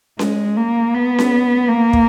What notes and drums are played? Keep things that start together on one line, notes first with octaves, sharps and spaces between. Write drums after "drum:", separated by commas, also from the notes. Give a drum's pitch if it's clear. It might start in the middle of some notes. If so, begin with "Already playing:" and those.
G#3, drum: snare C#4
A#3
B3
drum: snare C#4
A#3
drum: kick